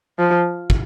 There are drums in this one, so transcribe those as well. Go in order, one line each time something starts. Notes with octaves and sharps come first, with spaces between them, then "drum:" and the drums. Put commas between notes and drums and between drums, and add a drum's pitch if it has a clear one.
F3
drum: kick